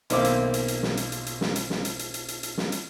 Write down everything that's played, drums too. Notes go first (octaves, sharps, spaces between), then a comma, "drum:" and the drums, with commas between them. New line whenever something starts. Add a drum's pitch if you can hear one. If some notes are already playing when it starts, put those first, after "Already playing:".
B1 D#3 A#3 C4 E5 D6, drum: hi-hat
drum: hi-hat
drum: hi-hat
drum: hi-hat
drum: snare
drum: hi-hat
drum: hi-hat
drum: hi-hat
drum: snare
drum: hi-hat
drum: snare
drum: hi-hat
drum: hi-hat
drum: hi-hat
drum: hi-hat
drum: hi-hat
drum: snare
drum: hi-hat